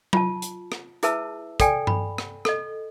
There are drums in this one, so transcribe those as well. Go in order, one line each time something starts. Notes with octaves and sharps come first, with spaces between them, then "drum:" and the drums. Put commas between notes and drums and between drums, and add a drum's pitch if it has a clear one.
F4 A5, drum: tom F#3
drum: hi-hat
drum: rim click
E4 G#4 B4 E5 A5 E6, drum: hi-hat
A4 D5 G5 G#5, drum: kick, hi-hat
B5, drum: tom G2
drum: rim click
A4 D#5, drum: rim click